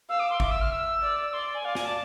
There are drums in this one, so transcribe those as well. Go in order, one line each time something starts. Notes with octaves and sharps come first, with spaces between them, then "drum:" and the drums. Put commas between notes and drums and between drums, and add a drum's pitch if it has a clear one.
F5 E6
D6
C6
E5 D6, drum: kick G#1
E6
F6
E6
D5
D5 C6
G#5
D5 F5
G#5, drum: snare
A5